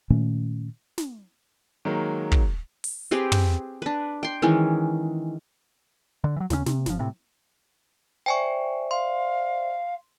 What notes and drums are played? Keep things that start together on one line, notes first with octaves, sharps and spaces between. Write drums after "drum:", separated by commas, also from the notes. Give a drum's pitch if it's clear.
A#2 D#3 A3 C#4
drum: snare
D#3 F#3 G#3 A#3
drum: kick
drum: open hi-hat
C4 G4 G#4 B4
drum: tom
D4 B4
G5 C6
D#3 E3 G#3 C#4
D3
E3 F#3
D#2 C#3 A3 C#4, drum: snare
C3, drum: snare
G1 F3, drum: snare
A2 C3
C5 D5 E5 G5 G#5 C#6
F5 C6